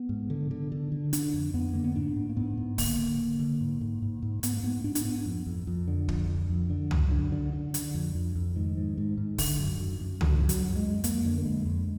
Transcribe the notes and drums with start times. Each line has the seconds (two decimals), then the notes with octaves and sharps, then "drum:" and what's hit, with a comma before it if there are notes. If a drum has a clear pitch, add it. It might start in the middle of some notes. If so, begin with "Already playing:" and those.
Already playing: B3
0.09 G#2
0.30 D3
0.51 D3
0.72 D3
0.92 D3
1.13 D3 D4, drum: hi-hat
1.34 F2
1.54 F2 B3
1.74 D3 A#3
1.84 B3
1.95 G#2 D4
2.16 G#2
2.29 A#3
2.37 G#2 B3
2.57 G#2
2.78 D3 A#3, drum: kick, open hi-hat
2.98 D3
3.19 D3
3.40 D3
3.61 G#2
3.81 G#2
4.02 G#2
4.22 G#2
4.43 G#2 B3, drum: hi-hat
4.57 A#3
4.63 G#2 B3
4.84 G#2 D4
4.95 D4, drum: hi-hat
5.05 G#2 B3
5.25 F2
5.46 F2
5.67 F2
5.88 D3
6.08 F2, drum: kick
6.29 F2
6.49 F2
6.70 D3
6.91 F#2, drum: tom C#2
7.11 D3
7.32 D3
7.53 D3
7.74 D3, drum: hi-hat
7.94 F2
8.15 F2
8.36 F2
8.56 G#2 D#3
8.77 G#2
8.98 G#2
9.17 G#2
9.38 D3, drum: kick, open hi-hat
9.59 F#2
9.80 F#2
10.01 F#2
10.21 D3 F3, drum: tom C#2
10.29 F#3
10.37 F#2 F3
10.49 F#3, drum: hi-hat
10.62 F#2
10.76 G#3
10.83 F#2
11.04 F2 A#3, drum: hi-hat
11.25 D3
11.38 A#3
11.45 F2 G#3
11.66 F2